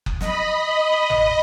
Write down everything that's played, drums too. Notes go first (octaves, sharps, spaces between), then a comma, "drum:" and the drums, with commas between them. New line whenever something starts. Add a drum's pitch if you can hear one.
drum: kick F#1
D#5 B5, drum: snare
drum: tom